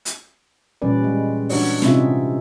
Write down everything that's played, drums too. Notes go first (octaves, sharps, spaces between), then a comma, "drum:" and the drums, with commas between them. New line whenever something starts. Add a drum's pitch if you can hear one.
drum: hi-hat
A#2 E3 G3 C#4 B4 D5
G#3
E3 D4 F#4 C#5 D5, drum: open hi-hat
C3 C4 C#4 D#4 F4 E5, drum: snare